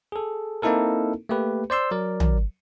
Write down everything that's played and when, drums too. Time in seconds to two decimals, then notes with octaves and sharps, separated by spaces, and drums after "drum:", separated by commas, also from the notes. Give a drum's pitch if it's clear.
0.12 G#4 A4
0.62 A#3 C4 D#4 E4 A4 A#4
1.29 A3 A#3 G4 B4
1.70 C5 D5 C6 E6
1.91 F#3 A#4 D5
2.20 drum: tom